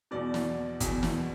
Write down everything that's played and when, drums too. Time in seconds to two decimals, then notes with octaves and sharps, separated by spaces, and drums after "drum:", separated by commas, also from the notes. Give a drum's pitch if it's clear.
0.11 E2 B2 D5
0.34 drum: snare
0.80 E2 B2, drum: kick, hi-hat
1.03 drum: snare